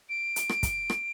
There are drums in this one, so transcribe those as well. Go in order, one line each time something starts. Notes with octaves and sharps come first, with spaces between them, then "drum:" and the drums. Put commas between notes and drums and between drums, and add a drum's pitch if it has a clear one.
D7
drum: hi-hat
drum: rim click
drum: kick, hi-hat
drum: rim click